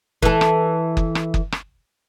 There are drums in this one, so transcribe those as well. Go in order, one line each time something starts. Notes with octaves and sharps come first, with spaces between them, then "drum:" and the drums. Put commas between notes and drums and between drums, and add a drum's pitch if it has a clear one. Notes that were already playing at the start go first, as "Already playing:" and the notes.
E3 A4, drum: kick F#1
drum: rim click
drum: kick F#1
drum: rim click
drum: kick F#1
drum: rim click